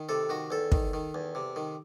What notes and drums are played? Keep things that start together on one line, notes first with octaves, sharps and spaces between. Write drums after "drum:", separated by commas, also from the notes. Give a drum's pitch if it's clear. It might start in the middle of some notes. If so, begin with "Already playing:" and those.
Already playing: D#3
C3 A4
D#3 F#4
E2 A4
D#3, drum: kick
D#3
E2
C3
D#3